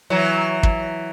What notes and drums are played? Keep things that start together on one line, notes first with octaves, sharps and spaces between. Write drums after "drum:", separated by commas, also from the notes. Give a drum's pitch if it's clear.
E3 F#3
drum: kick